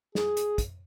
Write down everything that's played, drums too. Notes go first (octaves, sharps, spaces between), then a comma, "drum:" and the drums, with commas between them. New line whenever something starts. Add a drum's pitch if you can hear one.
G#4, drum: snare
drum: hi-hat
drum: kick, hi-hat